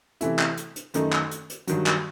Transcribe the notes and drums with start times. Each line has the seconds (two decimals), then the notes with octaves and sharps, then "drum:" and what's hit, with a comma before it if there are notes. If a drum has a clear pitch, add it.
0.21 C3 E3 A3 E4, drum: hi-hat
0.39 drum: clap
0.57 drum: hi-hat
0.76 drum: hi-hat
0.94 F#2 D#3 A3 D#4, drum: hi-hat
1.13 drum: clap
1.31 drum: hi-hat
1.50 drum: hi-hat
1.67 G2 D#3 F#3, drum: hi-hat
1.86 drum: clap